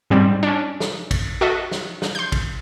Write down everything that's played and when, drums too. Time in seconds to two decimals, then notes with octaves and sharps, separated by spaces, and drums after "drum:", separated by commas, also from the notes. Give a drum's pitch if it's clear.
0.10 G#2 G3 C4
0.43 C#4 D4
0.80 drum: snare
1.11 drum: kick, cymbal
1.41 F#4 A4 D#5 E5
1.71 drum: snare
2.02 drum: snare
2.15 C6 G6
2.32 drum: kick, cymbal